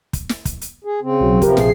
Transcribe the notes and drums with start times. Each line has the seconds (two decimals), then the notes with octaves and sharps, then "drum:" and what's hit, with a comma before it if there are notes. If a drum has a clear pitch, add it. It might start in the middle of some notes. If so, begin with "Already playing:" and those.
0.13 drum: kick, hi-hat
0.29 drum: snare
0.45 drum: kick, hi-hat
0.61 drum: hi-hat
0.84 G#4
1.02 C#3 C4
1.20 B1 F#3
1.42 C3 F3 G4 A#4 B4, drum: kick, hi-hat
1.57 A#1 G#4 C7, drum: snare